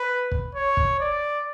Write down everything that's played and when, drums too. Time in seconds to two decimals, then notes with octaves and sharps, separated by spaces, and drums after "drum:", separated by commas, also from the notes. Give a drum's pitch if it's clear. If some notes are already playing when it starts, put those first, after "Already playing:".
Already playing: B4
0.32 drum: kick
0.55 C#5
0.77 drum: kick
1.00 D5